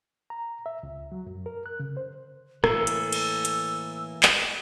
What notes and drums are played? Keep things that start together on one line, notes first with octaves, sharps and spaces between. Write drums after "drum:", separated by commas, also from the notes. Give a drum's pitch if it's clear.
A#5
E5
C#2
F#3
F#2
A#4
F#6
C#3
C5
A2 E3 A#3 A4 E6, drum: rim click
drum: hi-hat
drum: cymbal
drum: hi-hat
drum: clap